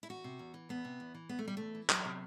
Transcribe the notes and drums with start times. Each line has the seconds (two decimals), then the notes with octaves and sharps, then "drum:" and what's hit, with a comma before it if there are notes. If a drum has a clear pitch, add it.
0.03 E4
0.09 E2 F#4
0.24 C3
0.39 E2
0.54 E3
0.69 E2 B3
0.85 C3
1.00 E2
1.15 E3
1.29 E2 B3
1.39 A3
1.45 C3 G3
1.57 E2 A3
1.75 E3
1.89 E2 F#3, drum: clap
2.05 C3